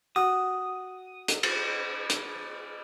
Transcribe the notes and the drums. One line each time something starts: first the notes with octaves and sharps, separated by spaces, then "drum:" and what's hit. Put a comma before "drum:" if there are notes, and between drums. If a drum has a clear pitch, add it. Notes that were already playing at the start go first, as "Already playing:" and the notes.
F#4 D#6
drum: hi-hat
drum: cymbal
drum: hi-hat